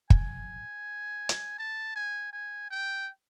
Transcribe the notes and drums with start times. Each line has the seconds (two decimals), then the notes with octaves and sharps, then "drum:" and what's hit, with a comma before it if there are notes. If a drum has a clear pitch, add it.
0.10 G#5, drum: kick
1.29 drum: hi-hat
1.59 A5
1.96 G#5
2.33 G#5
2.70 G5